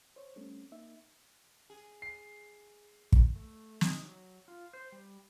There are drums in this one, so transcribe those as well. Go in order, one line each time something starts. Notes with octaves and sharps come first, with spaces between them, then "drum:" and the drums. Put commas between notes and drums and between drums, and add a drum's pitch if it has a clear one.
C5 C#5
G3 A3 C4 C#4
A#3 D#4 E5
G#4
C7
drum: kick
A3
D#4, drum: snare
F#3
F4
C5
G3